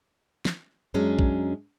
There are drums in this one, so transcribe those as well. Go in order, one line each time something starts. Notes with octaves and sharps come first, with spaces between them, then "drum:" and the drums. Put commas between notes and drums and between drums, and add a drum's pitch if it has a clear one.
drum: snare
F#2 F#3 G#3 C#4 D4
drum: kick B1